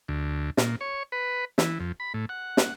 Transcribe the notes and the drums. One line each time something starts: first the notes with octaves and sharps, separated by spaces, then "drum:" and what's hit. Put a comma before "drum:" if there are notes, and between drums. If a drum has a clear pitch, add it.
D2
A#2, drum: snare
C#5
B4
E3, drum: snare
F2
B5
A2
F#5
drum: snare